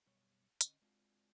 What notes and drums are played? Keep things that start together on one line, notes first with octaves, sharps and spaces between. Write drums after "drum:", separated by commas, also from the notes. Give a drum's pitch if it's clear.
F#2 B2 G3 C#5
D3 C#4 D#5, drum: hi-hat
G#3 C4 D4 F4 F#4